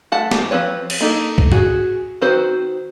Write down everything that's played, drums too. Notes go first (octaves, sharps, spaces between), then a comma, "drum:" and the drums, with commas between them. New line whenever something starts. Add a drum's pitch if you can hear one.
A3 F#5 A5
drum: snare
F3 C4 B4 C#5
drum: cymbal
A#3 D#4 A4
drum: kick C2
F#4 G#4, drum: tom
D#3 C4 F#4 B4 C5